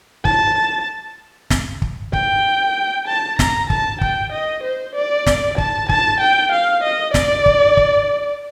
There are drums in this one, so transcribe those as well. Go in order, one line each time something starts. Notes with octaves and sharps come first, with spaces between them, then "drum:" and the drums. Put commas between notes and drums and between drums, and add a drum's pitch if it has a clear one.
A5, drum: kick
drum: snare
drum: kick
G5, drum: kick
A5
A#5, drum: snare
A5, drum: kick
G5, drum: kick
D#5
C5
D5
drum: snare
A5, drum: kick
A5, drum: kick
G5
F5
D#5
D5, drum: snare
drum: kick
drum: kick